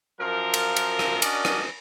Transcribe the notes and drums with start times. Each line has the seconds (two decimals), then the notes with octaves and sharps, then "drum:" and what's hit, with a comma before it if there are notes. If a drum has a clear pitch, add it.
0.20 F#2 F3 F4 A#4
0.54 drum: cymbal
0.76 drum: cymbal
0.99 drum: rim click
1.22 C#4 D4 F#4 A#4 D5 D#5, drum: cymbal
1.45 drum: rim click